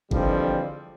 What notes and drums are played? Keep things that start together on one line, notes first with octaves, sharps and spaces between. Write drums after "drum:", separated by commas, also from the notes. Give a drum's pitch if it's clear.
D3 E3 F3 G3 G#3 C4, drum: kick G1